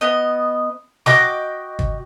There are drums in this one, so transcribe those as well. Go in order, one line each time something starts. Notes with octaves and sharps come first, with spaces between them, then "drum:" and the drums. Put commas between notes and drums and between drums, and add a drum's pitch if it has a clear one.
B3 D#5
F#4 D#5 G5 D6, drum: snare
drum: kick